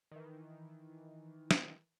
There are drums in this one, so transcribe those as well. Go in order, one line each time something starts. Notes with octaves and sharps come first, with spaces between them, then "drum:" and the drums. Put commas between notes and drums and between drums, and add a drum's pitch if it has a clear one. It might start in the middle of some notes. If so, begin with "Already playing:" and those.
D#3 E3
drum: snare